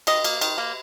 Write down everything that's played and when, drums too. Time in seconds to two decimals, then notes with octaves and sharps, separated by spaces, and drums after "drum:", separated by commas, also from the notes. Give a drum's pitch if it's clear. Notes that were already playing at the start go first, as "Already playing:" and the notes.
0.07 D#3 D#5, drum: cymbal
0.24 A#3, drum: cymbal
0.41 D#3, drum: cymbal
0.58 A#3